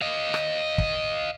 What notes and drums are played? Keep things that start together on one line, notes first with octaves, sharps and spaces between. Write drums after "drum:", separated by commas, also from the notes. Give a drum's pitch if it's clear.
D#5 F5
drum: rim click
drum: kick